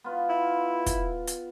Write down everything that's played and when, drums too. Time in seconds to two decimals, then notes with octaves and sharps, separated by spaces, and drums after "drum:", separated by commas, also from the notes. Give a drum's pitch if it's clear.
0.04 B3 F4
0.29 E4
0.86 drum: kick, hi-hat
1.27 drum: hi-hat